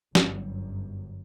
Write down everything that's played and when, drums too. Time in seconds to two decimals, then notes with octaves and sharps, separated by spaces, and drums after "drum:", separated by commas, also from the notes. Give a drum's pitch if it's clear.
0.15 G1 F#2, drum: snare